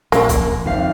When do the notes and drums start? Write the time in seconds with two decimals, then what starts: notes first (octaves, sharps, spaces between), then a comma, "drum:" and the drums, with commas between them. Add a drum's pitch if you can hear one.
0.12 A#1 A#3, drum: snare
0.29 drum: kick, hi-hat
0.66 G#1 F2 F5